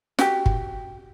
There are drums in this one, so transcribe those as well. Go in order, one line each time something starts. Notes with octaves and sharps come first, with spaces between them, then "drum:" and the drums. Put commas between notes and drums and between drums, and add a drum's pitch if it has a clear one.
F#4 G4, drum: snare
drum: kick